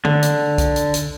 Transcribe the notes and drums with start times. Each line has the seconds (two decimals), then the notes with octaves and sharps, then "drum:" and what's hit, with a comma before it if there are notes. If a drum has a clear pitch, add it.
0.05 D3, drum: tom D3
0.23 drum: hi-hat
0.58 drum: kick, hi-hat
0.76 drum: hi-hat
0.94 drum: hi-hat